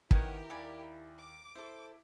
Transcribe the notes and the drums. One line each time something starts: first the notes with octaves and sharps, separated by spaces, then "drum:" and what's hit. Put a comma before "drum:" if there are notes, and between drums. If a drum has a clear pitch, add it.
D#3 B3 C#4 E4 G4 A#4 F#5 G#5, drum: kick
D#2 D5 G#5 B5
D6
E4 A4 C5